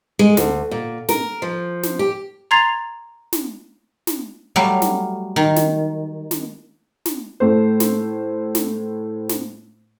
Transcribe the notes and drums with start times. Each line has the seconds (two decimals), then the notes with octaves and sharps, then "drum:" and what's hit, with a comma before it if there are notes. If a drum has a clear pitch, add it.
0.19 G#3
0.37 D2, drum: snare
0.71 A#2
1.09 A#4, drum: snare
1.42 F3
1.83 drum: snare
1.99 G4
2.51 A#5 C6 G#6 A6 C7 F7
3.33 drum: snare
4.07 drum: snare
4.56 F#3 G3 A3 F5
4.82 drum: snare
5.36 D#3
5.56 drum: snare
6.31 drum: snare
7.06 drum: snare
7.40 A2 A3 C5
7.80 drum: snare
8.55 drum: snare
9.29 drum: snare